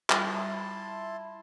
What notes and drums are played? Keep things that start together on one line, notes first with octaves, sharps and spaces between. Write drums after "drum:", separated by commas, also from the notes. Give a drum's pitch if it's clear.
G3 E4 F4 A5 C6, drum: clap